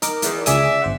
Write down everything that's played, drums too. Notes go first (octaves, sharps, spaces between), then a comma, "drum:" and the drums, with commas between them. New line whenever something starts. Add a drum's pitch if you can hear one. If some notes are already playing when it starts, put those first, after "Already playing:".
D#4 A#4 D6, drum: hi-hat
E2, drum: hi-hat
C#2 G#4 D5 E5 D#6, drum: hi-hat
G1 C5 F#5